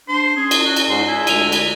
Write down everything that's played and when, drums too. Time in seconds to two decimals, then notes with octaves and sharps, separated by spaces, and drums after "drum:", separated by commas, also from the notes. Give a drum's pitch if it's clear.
0.08 D4 C5
0.37 C#4 G#4
0.51 drum: cymbal
0.66 F#4
0.76 drum: cymbal
0.89 G#2 C5
1.08 E4 G#4
1.27 D2 G#3 D#7 F7, drum: cymbal
1.52 drum: cymbal